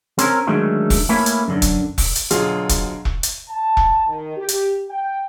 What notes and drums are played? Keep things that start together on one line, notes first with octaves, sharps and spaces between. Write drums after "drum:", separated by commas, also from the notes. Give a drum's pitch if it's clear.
C4 C#4 A#4, drum: hi-hat
D3 D#3 F#3 G#3 A3 C#4
drum: kick E1, open hi-hat
A3 A#3 C#4 E4 B4
drum: hi-hat
F#2 D3
drum: kick E1, hi-hat
drum: kick E1, open hi-hat
drum: hi-hat
B2 D3 F#3 F4 G#4, drum: hi-hat
drum: kick E1, hi-hat
drum: kick E1
drum: hi-hat
A5
drum: kick E1
D#3
G4
drum: hi-hat
G5